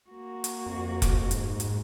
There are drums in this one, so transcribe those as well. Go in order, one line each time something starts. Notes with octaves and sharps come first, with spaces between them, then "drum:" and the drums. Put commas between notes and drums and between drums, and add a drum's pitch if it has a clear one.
A#3 F#4
drum: hi-hat
F2
drum: kick F1, hi-hat
G#2, drum: hi-hat
drum: hi-hat